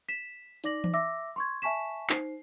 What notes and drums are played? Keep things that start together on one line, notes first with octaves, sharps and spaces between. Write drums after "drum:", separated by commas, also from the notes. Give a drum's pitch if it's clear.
B6 E7
D#4 D5 D6 A#6 F#7, drum: hi-hat
drum: tom E3
E5 D6 E6 A#6
C6 C#6 G#6
E5 G#5 A5 C#6 B6 E7
D#4 C5 C7, drum: clap